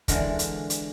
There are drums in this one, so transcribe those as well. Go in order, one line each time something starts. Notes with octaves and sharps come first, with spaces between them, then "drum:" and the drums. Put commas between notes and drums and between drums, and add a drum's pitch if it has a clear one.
D3 E3 G#3 A#4, drum: kick, hi-hat
drum: hi-hat
drum: hi-hat